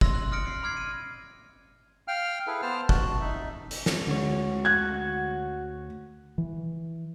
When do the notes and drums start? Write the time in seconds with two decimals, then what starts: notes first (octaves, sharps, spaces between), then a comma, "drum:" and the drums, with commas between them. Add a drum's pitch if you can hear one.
0.01 C6 E6 A#6, drum: kick
0.14 F#6 F#7
0.32 D#6 F6 F#6 A#6 C#7 D7
0.47 C7
0.63 B5 D6 F6 G#6 C7
0.77 D#7
2.08 F5 G5 F6
2.47 E4 G#4 A4 B4
2.62 B3 C5 A5 F6
2.89 F#4 A5 F#6, drum: kick
3.21 D#4 E5
3.71 drum: hi-hat
3.86 drum: snare
4.07 D2 D3 G#3 F#4 C#5
4.65 F#6 G#6
6.38 E3